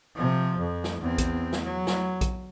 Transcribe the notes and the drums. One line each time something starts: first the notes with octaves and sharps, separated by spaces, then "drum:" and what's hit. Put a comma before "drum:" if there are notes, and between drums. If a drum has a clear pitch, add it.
C3 F3
F2
drum: snare
E2 C4
drum: kick A#1, hi-hat
drum: snare
F#3
drum: snare
drum: kick A#1, hi-hat